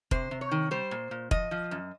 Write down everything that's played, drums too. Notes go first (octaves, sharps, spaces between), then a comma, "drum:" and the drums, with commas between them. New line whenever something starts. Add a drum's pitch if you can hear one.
C3 C5, drum: kick F1
C3
C#5
D#3
G3 C5
A#2
A#2
F3 D#5, drum: kick F1
F3
F#2